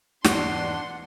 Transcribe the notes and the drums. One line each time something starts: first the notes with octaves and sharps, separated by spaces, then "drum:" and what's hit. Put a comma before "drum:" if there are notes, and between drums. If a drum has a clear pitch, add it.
E2 G#2 B2 D4 F#5 C6, drum: snare